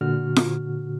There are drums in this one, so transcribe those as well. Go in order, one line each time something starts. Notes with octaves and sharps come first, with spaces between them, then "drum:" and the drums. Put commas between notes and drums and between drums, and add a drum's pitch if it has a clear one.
A#2 D3 F#4 F6
drum: snare F4